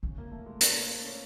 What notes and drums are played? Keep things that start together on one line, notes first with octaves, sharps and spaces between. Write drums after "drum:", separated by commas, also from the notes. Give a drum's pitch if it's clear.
C#3
A#3
A3
G#3
A3, drum: hi-hat
A#3
C4
C#4